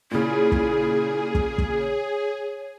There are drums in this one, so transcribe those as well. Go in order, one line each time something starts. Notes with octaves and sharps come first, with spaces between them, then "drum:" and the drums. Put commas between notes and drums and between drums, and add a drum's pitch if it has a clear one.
A#2 C#3 E4 G#4
drum: kick
drum: kick
drum: kick
C#5